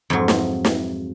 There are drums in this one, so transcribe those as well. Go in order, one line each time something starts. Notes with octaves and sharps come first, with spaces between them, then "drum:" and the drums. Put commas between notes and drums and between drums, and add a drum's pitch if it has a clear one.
F2 G#2 F#3
drum: snare
drum: snare